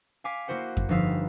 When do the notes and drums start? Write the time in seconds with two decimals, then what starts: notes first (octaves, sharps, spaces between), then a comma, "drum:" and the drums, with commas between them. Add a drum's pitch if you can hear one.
0.24 F5 G#5 D6 B6
0.48 A#3 E4 F#4 C5 F#5
0.77 drum: kick F2
0.89 G1 F3 D#4 F5 E6 B6